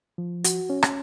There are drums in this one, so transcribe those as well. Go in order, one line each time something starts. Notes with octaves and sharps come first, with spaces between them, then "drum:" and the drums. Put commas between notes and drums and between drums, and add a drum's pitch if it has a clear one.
F3
F#4, drum: hi-hat
C#4
drum: rim click